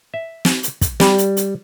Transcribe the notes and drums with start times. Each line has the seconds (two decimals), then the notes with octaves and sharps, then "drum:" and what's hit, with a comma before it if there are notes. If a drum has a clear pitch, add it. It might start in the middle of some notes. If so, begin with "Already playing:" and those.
0.14 E5
0.45 drum: snare
0.63 drum: hi-hat
0.81 drum: kick, hi-hat
1.00 G3, drum: snare
1.18 drum: hi-hat
1.37 drum: hi-hat